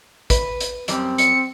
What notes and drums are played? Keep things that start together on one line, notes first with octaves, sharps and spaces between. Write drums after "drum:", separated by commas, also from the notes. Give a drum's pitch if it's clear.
B4, drum: kick, hi-hat
drum: hi-hat
F#2 G3 C4, drum: hi-hat
C#7, drum: hi-hat